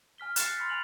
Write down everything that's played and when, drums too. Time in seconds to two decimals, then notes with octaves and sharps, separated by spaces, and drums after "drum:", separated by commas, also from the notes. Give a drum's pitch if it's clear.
0.18 G#5 F6 B6 G7
0.36 F#6 A6 C7 C#7, drum: hi-hat
0.56 B5 C6 F6 A6 B6 C#7
0.69 G#5 F7 F#7